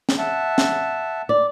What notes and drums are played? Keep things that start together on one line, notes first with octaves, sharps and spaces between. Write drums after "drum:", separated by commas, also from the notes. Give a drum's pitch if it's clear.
drum: snare
E5 F#5 A5
drum: snare
D5